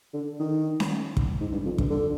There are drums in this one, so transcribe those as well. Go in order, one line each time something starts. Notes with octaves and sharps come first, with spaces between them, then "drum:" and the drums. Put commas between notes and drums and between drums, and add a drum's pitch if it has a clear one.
D3
D#3
drum: snare C#4
drum: kick
G#2
G2
F2
G2, drum: kick
D3